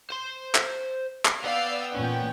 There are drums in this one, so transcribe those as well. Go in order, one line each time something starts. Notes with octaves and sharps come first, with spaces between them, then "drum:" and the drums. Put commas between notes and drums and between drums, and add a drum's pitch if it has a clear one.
C5 C6
drum: clap
drum: clap
B3 B4 D5 F5 G5 E6
E2 A#2 C#4 G5